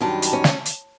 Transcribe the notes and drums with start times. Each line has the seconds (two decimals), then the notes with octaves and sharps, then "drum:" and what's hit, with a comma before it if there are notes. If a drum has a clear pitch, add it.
0.01 F#2 D#3 G3 D4
0.22 drum: hi-hat
0.33 C#4
0.44 drum: snare
0.66 drum: hi-hat